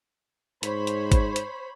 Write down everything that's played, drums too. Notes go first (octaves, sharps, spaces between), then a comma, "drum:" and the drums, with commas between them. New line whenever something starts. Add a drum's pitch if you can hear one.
G#2 C5 C#5 B5, drum: hi-hat
drum: hi-hat
drum: kick, hi-hat
drum: hi-hat